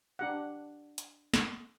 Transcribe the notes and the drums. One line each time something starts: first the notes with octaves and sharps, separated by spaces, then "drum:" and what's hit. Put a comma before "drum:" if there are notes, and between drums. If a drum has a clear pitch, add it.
D4 G4 F#5
drum: hi-hat
drum: snare